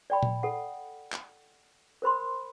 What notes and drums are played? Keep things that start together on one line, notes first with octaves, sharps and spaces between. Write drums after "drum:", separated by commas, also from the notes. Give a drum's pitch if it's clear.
D5 G5 B5
drum: tom A#2
A4 F#5
drum: clap
A#4 C5 B5 C6